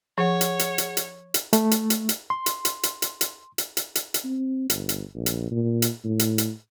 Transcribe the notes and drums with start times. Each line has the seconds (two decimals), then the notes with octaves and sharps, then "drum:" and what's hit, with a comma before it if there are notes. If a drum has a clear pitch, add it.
0.18 F3 G#4 C#5 F#5
0.41 drum: hi-hat
0.59 drum: hi-hat
0.78 drum: hi-hat
0.97 drum: hi-hat
1.34 drum: hi-hat
1.53 A3, drum: hi-hat
1.71 drum: hi-hat
1.90 drum: hi-hat
2.09 drum: hi-hat
2.30 C6
2.46 drum: hi-hat
2.65 drum: hi-hat
2.83 drum: hi-hat
3.02 drum: hi-hat
3.21 drum: hi-hat
3.58 drum: hi-hat
3.77 drum: hi-hat
3.95 drum: hi-hat
4.14 drum: hi-hat
4.25 C4
4.70 G1, drum: hi-hat
4.89 drum: hi-hat
5.15 A#1
5.26 drum: hi-hat
5.51 A#2
5.82 drum: hi-hat
6.04 A2
6.19 drum: hi-hat
6.38 drum: hi-hat